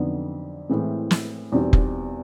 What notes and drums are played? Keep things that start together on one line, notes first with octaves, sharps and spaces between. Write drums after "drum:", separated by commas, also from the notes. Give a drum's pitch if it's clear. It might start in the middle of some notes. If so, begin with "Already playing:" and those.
Already playing: F2 D3 F#3 B3 D#4
A2 E3 G#3 C4
drum: snare
E2 B2 G3 C4 D#4
drum: kick F1